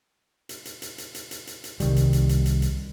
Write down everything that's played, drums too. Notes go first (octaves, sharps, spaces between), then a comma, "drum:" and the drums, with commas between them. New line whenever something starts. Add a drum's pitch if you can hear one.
drum: hi-hat
drum: hi-hat
drum: hi-hat
drum: hi-hat
drum: hi-hat
drum: hi-hat
drum: hi-hat
drum: hi-hat
C2 D#3 G3, drum: hi-hat
drum: hi-hat
drum: hi-hat
drum: hi-hat
drum: hi-hat
drum: hi-hat